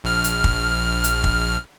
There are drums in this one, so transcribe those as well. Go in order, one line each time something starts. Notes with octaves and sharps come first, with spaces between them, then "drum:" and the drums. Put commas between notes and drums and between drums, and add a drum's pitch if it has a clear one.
A#1 F6
drum: hi-hat
drum: kick
drum: hi-hat
drum: kick